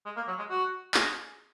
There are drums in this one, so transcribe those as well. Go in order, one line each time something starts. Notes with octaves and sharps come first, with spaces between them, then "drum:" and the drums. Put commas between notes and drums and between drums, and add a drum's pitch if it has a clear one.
G#3
A#3
F#3
G#3
F#4
G#4, drum: clap